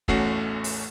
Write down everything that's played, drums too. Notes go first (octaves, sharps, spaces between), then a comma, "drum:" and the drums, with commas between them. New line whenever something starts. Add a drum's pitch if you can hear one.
A1 E2 A3 C#4 F#4 C7, drum: kick
drum: open hi-hat